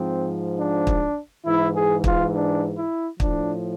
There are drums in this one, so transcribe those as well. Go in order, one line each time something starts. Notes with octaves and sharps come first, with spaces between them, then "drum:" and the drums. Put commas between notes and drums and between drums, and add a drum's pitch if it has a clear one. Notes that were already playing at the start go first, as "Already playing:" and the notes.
Already playing: G#2 F3 C4
D4
drum: kick
G#2 E3 E4
G#4
F4, drum: kick
D4
E4
A2 F3 D4, drum: kick